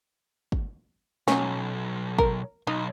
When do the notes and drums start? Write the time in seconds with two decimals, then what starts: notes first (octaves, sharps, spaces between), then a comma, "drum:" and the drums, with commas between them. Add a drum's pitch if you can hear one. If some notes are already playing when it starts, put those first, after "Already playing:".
0.52 drum: kick
1.28 B1 F#3 C#4, drum: snare
2.19 A#4, drum: kick
2.67 B1 D#4